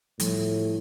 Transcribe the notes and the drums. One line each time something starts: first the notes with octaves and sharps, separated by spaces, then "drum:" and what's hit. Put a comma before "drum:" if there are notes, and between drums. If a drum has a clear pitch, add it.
A2 F3 G3, drum: hi-hat